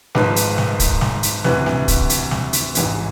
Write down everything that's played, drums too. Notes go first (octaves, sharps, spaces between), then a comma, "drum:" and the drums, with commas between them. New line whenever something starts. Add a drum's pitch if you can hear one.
G#1 G#2 F3 B4, drum: snare
drum: hi-hat
drum: snare
drum: kick, hi-hat
drum: snare
drum: hi-hat
D2 C3 E3 B4, drum: snare
drum: snare
drum: kick, hi-hat
drum: hi-hat
drum: snare
drum: hi-hat
A1 G#2 E3, drum: hi-hat